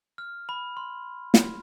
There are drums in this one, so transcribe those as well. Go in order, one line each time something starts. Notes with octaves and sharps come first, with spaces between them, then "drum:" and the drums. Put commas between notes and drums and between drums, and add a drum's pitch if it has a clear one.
F6
B5
C6
drum: snare